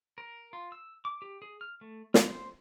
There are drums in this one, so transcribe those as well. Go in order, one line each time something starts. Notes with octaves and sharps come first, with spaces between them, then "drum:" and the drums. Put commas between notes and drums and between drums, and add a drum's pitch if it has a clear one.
A#4
F4
E6
D6
G4
G#4
F6
A3
F4, drum: snare
C5